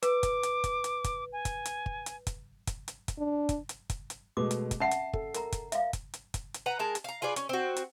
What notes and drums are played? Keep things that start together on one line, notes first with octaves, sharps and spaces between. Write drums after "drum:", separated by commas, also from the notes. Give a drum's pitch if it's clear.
B4 D6, drum: hi-hat
drum: kick, hi-hat
drum: hi-hat
drum: kick, hi-hat
drum: hi-hat
drum: kick, hi-hat
G#5
drum: kick, hi-hat
drum: hi-hat
drum: kick
drum: hi-hat
drum: kick, hi-hat
drum: kick, hi-hat
drum: hi-hat
drum: kick, hi-hat
D4
drum: kick, hi-hat
drum: hi-hat
drum: kick, hi-hat
drum: hi-hat
B2 G#3 A3 D6
drum: hi-hat
drum: kick, hi-hat
C#4 E5 F#5 A5 C7
drum: hi-hat
A4, drum: kick
A#4 A#5, drum: hi-hat
drum: kick, hi-hat
E5 F5, drum: hi-hat
drum: kick, hi-hat
drum: hi-hat
drum: kick, hi-hat
drum: hi-hat
B4 F#5 A#5
G#3 A#4 A5
drum: hi-hat
F5 A#5
F4 G#4 B4 D5
C#4, drum: hi-hat
C4 F#4
drum: hi-hat